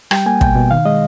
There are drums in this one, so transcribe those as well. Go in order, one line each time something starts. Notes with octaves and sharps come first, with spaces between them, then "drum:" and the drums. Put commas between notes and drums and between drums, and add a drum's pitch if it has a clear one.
G3 G5, drum: rim click
A#3 G#5
B2 G5, drum: kick
B2
D#3 F5
G#3 D#5